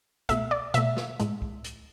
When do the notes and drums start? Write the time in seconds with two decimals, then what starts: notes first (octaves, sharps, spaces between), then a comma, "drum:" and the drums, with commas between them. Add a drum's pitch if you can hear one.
0.29 B2 A3 E5, drum: kick, hi-hat
0.51 D5
0.74 B2 A3 E5, drum: hi-hat
0.97 drum: snare
1.20 A2 G#3, drum: hi-hat
1.42 drum: kick
1.64 drum: hi-hat